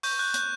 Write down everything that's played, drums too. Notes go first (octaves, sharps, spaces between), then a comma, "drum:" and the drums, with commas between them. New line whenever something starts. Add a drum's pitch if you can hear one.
C#6 G6, drum: open hi-hat
F#6 G6
F#6 G6, drum: hi-hat